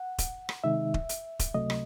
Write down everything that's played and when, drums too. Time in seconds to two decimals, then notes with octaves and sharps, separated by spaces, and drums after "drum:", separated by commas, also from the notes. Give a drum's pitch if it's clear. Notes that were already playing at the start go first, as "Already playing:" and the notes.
Already playing: F#5
0.18 drum: kick D#1, hi-hat
0.49 drum: rim click
0.64 C3 D#3 G#3 D#4 E5
0.94 drum: kick D#1
1.09 drum: hi-hat
1.39 drum: kick D#1, hi-hat
1.54 C#2 C3 F#3 A3 D#5
1.70 drum: rim click